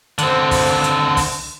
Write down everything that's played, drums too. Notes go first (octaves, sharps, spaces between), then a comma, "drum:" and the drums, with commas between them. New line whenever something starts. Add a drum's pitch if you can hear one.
D3 C4, drum: hi-hat
drum: kick, open hi-hat
drum: hi-hat
drum: kick, open hi-hat